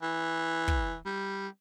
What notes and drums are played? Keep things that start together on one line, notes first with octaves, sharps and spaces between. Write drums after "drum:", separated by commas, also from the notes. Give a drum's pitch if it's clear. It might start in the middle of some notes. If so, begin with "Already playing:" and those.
E3
drum: kick
G3